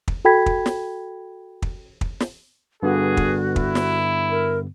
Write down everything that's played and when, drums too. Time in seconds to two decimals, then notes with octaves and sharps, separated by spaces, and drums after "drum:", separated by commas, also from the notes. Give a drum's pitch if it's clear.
0.08 drum: kick
0.25 F#4 A4 G5 B5 G#6 B6
0.46 drum: kick
0.66 drum: snare
1.62 drum: kick
2.01 drum: kick
2.20 drum: snare
2.83 G2 D3 B3 F#4 G#4
3.17 drum: kick
3.56 E4, drum: kick
3.75 drum: snare
4.30 A#4